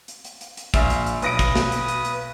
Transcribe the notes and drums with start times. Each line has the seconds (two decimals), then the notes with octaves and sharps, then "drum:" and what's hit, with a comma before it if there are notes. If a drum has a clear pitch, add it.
0.08 drum: hi-hat
0.25 drum: hi-hat
0.41 drum: hi-hat
0.57 drum: hi-hat
0.74 A#1 E5 F5, drum: kick, hi-hat
0.90 drum: hi-hat
1.06 drum: hi-hat
1.22 B1 B4 D#6 A#6 D7, drum: hi-hat
1.39 drum: kick, hi-hat
1.56 drum: snare
1.72 drum: hi-hat
1.88 drum: hi-hat
2.05 drum: hi-hat